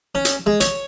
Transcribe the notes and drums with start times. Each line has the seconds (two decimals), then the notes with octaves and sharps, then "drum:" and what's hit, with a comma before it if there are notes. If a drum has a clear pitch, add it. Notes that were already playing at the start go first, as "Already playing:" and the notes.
0.15 C#4
0.25 drum: hi-hat
0.46 G#3
0.60 C#5, drum: hi-hat